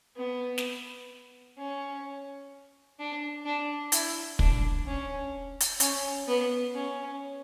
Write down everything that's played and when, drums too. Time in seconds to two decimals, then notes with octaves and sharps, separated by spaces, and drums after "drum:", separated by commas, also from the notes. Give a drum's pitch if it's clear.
0.16 B3
0.58 drum: snare
1.58 C#4
2.99 D4
3.45 D4
3.92 E4, drum: hi-hat
4.39 D4, drum: kick
4.86 C#4
5.61 drum: hi-hat
5.80 C#4, drum: hi-hat
6.27 B3
6.74 C#4